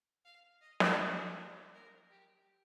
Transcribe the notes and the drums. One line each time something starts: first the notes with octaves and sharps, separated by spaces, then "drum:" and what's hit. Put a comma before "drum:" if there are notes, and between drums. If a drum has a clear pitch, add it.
F5
D#5
drum: snare
A#4
G4